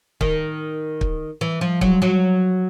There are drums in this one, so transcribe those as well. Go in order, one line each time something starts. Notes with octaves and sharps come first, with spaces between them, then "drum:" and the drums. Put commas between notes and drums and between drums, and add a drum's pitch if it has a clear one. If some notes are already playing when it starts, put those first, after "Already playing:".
D#3, drum: kick
drum: kick
E3
F3
F#3, drum: kick
F#3